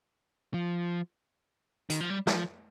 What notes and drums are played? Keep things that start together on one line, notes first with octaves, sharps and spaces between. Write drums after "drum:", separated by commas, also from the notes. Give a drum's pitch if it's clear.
F3
D#3, drum: hi-hat
F3
G3
G3, drum: snare
F3